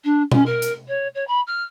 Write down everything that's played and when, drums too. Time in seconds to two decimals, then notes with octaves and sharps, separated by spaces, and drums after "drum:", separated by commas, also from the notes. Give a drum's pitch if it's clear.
0.04 D4
0.32 C#4, drum: tom B2
0.45 A#4
0.62 drum: hi-hat
0.88 C#5
1.14 C#5
1.27 B5
1.46 F6